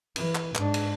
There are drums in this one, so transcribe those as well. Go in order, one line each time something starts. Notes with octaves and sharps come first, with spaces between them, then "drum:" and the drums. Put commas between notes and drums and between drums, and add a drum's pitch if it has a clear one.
E3, drum: cymbal
drum: clap
G#2 D4, drum: clap
drum: cymbal